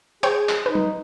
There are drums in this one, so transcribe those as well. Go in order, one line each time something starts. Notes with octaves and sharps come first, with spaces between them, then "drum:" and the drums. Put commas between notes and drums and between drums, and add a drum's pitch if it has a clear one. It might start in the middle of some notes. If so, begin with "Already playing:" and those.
G#4 C5 C#5 G5, drum: hi-hat
drum: clap
D#4 B4
drum: tom